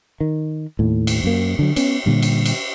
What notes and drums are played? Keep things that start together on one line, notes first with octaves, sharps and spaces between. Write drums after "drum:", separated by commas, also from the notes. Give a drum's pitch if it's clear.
D#3
D#2 A2
drum: cymbal
F#2 A#3
D3 F#3
B3 C#4, drum: cymbal
A#2 D3 G3
drum: cymbal
drum: cymbal